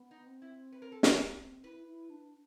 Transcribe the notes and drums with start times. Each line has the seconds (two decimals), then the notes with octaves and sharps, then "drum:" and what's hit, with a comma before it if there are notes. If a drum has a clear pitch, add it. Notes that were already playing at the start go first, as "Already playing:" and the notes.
Already playing: B3
0.11 D#4
0.26 C4
0.42 E4
0.72 B4
0.82 A#4
0.92 A4
1.03 A#4, drum: snare
1.64 E4 B4
1.88 E4
2.10 D4